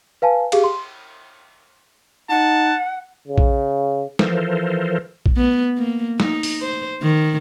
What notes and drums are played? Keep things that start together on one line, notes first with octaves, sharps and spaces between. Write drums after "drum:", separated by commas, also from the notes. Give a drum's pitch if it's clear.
B4 F5 G#5 A5
G4 G#4 F5, drum: cymbal
C6
D#4 F#5 A5
C#3
drum: kick A#1
E3 F3 A4 A#4 C5, drum: snare
drum: kick A#1
B3
A#3
D#4, drum: snare
drum: open hi-hat
C5
D#3